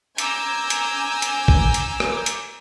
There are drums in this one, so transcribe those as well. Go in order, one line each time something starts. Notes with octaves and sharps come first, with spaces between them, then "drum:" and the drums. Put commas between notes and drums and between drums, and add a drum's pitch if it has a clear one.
G#5 A#5 D6 E6 G6, drum: hi-hat
drum: hi-hat
drum: hi-hat
drum: kick
drum: hi-hat
drum: rim click
drum: hi-hat